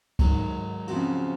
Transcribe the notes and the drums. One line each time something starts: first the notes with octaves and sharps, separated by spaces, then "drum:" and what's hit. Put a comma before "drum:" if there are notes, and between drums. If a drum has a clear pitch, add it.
G#2 D#3 F#3, drum: kick C#2, cymbal
C#3 F3 C4 F#4, drum: cymbal